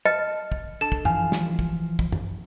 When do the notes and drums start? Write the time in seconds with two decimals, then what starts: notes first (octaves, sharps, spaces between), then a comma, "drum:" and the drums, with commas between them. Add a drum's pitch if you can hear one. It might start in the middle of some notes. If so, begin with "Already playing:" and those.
0.05 D#5 A5 F6 A6 C#7
0.52 drum: kick
0.81 D4 A4 A5 E7
0.92 drum: kick
1.05 E3 F3 F5 G#5, drum: tom
1.32 drum: snare
1.59 drum: kick
1.99 drum: kick
2.12 drum: tom